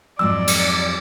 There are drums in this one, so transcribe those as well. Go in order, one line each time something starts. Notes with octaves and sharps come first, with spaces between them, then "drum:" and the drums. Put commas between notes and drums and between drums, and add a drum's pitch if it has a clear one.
F2 G#2 F#3 D5 E6
drum: cymbal